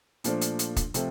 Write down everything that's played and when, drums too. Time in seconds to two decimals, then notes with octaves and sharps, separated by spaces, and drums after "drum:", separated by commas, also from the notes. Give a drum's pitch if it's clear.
0.24 A#2 F3 A3 D4, drum: hi-hat
0.41 drum: hi-hat
0.59 drum: hi-hat
0.76 drum: kick, hi-hat
0.94 C3 F3 A3, drum: hi-hat